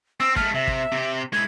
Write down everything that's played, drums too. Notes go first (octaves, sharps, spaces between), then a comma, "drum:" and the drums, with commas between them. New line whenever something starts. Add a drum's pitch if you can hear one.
C4 E6
G#3 A3 F6, drum: kick
C3 E5
drum: kick
C3 G4
G#3 E4 G#6